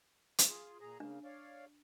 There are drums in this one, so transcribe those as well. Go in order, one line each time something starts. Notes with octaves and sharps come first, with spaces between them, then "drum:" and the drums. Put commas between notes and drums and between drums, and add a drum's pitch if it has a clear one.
drum: hi-hat
F4 G#4
A#2 G#4 A#5
C#3 A#3 D4
C#5 D5 F5